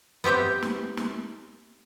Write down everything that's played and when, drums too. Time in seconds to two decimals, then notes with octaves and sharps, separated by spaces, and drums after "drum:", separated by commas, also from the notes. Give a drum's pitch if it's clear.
0.24 B3 C4 G4 E5 G5
0.62 drum: snare
0.97 drum: snare